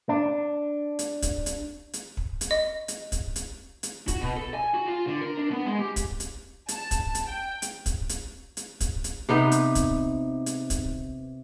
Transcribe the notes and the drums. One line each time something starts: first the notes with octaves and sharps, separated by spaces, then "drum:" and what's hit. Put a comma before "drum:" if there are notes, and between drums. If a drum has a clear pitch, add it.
D4
drum: hi-hat
drum: kick, hi-hat
drum: hi-hat
drum: hi-hat
drum: kick
drum: hi-hat
D#5
drum: hi-hat
drum: kick, hi-hat
drum: hi-hat
drum: hi-hat
F#4, drum: kick, hi-hat
B2
A4
G#5
F#4
F4
D3
A#4
D4
B3
G#3
G4
drum: kick, hi-hat
drum: hi-hat
A5, drum: hi-hat
drum: kick, hi-hat
drum: hi-hat
G5
drum: hi-hat
drum: kick, hi-hat
drum: hi-hat
drum: hi-hat
drum: kick, hi-hat
drum: hi-hat
C3 B3 D#4
drum: hi-hat
drum: kick, hi-hat
drum: hi-hat
drum: kick, hi-hat